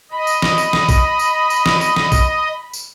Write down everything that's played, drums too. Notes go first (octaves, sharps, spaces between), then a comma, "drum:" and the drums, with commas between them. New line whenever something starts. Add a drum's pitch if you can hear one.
D#5 B5
drum: tambourine
drum: snare
drum: tambourine
drum: snare
drum: kick A#1, tambourine
drum: tambourine
drum: tambourine
drum: snare
drum: tambourine
drum: snare
drum: kick A#1, tambourine
drum: tambourine